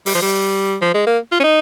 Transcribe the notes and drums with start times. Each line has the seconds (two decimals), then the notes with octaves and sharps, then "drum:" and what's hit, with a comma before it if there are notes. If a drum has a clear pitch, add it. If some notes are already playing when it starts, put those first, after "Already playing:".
0.06 G3, drum: open hi-hat
0.14 F3
0.22 G3
0.81 F3
0.94 G#3
1.07 A#3
1.32 F4
1.39 C#4
1.43 D#4